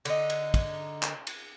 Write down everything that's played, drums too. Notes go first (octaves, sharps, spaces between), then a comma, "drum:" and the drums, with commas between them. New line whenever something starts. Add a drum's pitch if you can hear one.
D3 D#4, drum: cymbal
drum: cymbal
drum: kick, cymbal
drum: clap
drum: cymbal